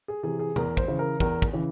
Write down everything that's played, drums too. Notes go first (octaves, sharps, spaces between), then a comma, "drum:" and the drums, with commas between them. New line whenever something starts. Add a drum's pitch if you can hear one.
G#4
C3 E3 G#4
G#4
E2 A#4, drum: tom
C5, drum: kick
C#3 E3
A#4
E2 A#4, drum: kick
drum: kick
C#3 E3